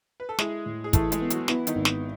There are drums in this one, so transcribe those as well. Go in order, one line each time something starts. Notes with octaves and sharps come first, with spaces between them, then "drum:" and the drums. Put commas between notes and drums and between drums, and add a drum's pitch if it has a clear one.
B4
A4
G#3 E4 G#4, drum: snare
A2
G#4
E3 A3 A4, drum: kick, hi-hat
G#3 G#4, drum: hi-hat
B3
F#3 F#4, drum: hi-hat
E3 B3 E4, drum: snare
D#3 D#4, drum: hi-hat
G#1
drum: snare